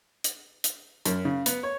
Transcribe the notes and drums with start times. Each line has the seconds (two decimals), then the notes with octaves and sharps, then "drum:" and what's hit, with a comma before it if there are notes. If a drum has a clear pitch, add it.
0.24 drum: hi-hat
0.64 drum: hi-hat
1.05 F#2, drum: hi-hat
1.25 C#3
1.46 B3, drum: hi-hat
1.63 C#5